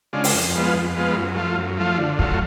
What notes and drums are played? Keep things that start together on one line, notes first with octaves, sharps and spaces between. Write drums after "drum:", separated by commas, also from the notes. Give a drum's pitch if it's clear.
C#3 G#3 D4 F4
drum: open hi-hat
F2
F3 G#3 B3 F4
F2
F3 G#3 B3 F4
F#2
F3 A3 F4
F#2
F3 A3 F4
D3
F#3 A3 F4, drum: kick